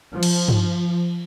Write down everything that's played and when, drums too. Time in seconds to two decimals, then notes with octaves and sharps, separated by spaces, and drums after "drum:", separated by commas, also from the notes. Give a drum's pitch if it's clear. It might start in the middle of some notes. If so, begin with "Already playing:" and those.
0.14 F3
0.23 drum: cymbal
0.49 drum: tom G2